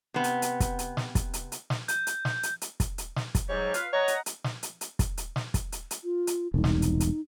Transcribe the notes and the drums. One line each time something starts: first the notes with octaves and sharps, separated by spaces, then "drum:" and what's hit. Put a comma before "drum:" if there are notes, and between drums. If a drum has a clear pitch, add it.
C3 B3
drum: hi-hat
drum: hi-hat
drum: kick, hi-hat
drum: hi-hat
drum: snare
drum: kick, hi-hat
drum: hi-hat
drum: hi-hat
drum: snare
G6, drum: hi-hat
drum: hi-hat
drum: snare
drum: hi-hat
drum: hi-hat
drum: kick, hi-hat
drum: hi-hat
drum: snare
drum: kick, hi-hat
G#2 F#3 G3 C#5
F4 B4 F5, drum: hi-hat
C#5 D#5 F#5 A#5
drum: hi-hat
drum: hi-hat
drum: snare
drum: hi-hat
drum: hi-hat
drum: kick, hi-hat
drum: hi-hat
drum: snare
drum: kick, hi-hat
drum: hi-hat
drum: hi-hat
F4
drum: hi-hat
E1 C2 D#4
drum: snare
drum: hi-hat
drum: hi-hat